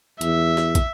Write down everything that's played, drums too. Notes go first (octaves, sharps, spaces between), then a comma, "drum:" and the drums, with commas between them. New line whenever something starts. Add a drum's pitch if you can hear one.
E2 E5, drum: hi-hat
drum: snare
drum: kick, hi-hat